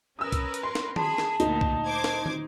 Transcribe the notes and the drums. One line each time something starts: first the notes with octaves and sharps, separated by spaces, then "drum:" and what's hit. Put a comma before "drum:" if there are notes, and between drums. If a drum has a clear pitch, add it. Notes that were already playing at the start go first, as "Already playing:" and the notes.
C#4 A#4 B4 D#6 E6
drum: kick C2, hi-hat
drum: hi-hat
C6
drum: snare
G#4 A5 B5, drum: tom
drum: snare
D2 A#2 D#4, drum: hi-hat
drum: kick C2
C5 D6 G#6
drum: snare
drum: tom